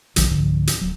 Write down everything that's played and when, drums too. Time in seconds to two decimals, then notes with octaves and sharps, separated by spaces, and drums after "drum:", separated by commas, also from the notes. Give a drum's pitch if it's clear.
0.16 A#1 D#3 F#3, drum: hi-hat
0.31 C#2 G#2 D3 F3
0.67 drum: hi-hat
0.81 D1 F#3